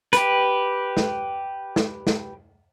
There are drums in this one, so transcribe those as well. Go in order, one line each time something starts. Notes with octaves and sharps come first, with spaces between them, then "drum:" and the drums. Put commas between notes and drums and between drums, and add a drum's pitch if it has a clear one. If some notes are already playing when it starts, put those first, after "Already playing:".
G4 B4, drum: hi-hat
drum: snare
drum: snare
drum: snare